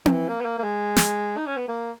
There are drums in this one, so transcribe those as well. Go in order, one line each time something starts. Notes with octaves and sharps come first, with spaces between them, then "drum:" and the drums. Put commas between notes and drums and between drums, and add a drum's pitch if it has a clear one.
D#3, drum: tom C4
E3
A#3
B3
A#3
A#3
G#3
drum: snare
D#4
C#4
B3
A#3